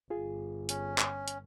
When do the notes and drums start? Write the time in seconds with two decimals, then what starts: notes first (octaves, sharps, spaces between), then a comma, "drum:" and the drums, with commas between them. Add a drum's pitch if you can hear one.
0.10 G1 F4 G#4
0.69 C#4, drum: hi-hat
0.98 drum: clap
1.28 drum: hi-hat